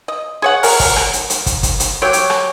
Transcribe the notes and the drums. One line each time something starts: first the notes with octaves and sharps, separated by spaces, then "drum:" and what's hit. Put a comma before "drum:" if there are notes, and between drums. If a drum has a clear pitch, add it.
D#5
G#4 C#5 F#5
A#4, drum: open hi-hat
drum: kick, open hi-hat
drum: rim click
drum: hi-hat
drum: hi-hat
drum: kick, hi-hat
drum: kick, hi-hat
drum: hi-hat
F#3 G4 C#5 G5
drum: hi-hat
drum: rim click